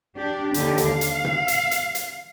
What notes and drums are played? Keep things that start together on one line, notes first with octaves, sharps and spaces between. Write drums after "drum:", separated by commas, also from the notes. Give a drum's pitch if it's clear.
D4 G4
D#2 D3 G4, drum: hi-hat
drum: hi-hat
F5
drum: hi-hat
drum: tom B2
drum: hi-hat
drum: hi-hat
drum: hi-hat